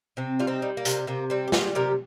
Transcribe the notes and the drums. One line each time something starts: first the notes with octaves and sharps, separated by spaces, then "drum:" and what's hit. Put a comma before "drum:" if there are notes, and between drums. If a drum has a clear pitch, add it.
C3 C4
G3 F4
C4 D#4
G3
A#3
C3, drum: hi-hat
C3 A#3
G3 C4
G4
G3 F4 G#4, drum: snare
C3 G4 A#4